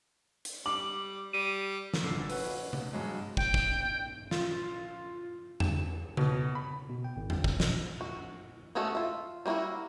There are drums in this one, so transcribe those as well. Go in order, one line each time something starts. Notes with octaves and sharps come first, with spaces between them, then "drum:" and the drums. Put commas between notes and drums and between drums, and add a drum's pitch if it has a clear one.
drum: hi-hat
G3 D6 F#7
G3 D#7
drum: snare
F1 A#2 D3 G3 E6 C7
C#4 F#4 B4, drum: open hi-hat
drum: tom C3
G2 F#3 G#3
G5, drum: kick
drum: kick
F4, drum: snare
E7, drum: tom E2
B2, drum: tom C#3
B5
B2
G5
G#1
G5, drum: tom E2
F2, drum: kick
B2, drum: snare
F#4
G#3 A3 C#4 F#4 A4
F4 E5
G3 A#3 C4 E4 F#4